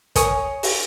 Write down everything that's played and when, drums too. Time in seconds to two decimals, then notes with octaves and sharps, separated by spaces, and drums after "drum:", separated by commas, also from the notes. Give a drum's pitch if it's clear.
0.16 C#5 G#5 D#6, drum: kick, hi-hat
0.63 drum: open hi-hat